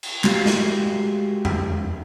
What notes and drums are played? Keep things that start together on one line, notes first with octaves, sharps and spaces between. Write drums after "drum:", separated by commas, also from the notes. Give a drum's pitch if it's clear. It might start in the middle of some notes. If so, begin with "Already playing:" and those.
drum: cymbal
G#3 F#4 G4 F5, drum: clap
drum: snare
drum: tom E2